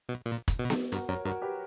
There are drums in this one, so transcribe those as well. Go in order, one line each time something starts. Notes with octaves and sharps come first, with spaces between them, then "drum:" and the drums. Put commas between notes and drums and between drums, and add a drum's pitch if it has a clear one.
B2
A#2
drum: kick, hi-hat
B2
drum: snare B3
G2 F#4 A#4, drum: hi-hat
F#2 A#4 C#5
G2 F#4 A#4
G4 B4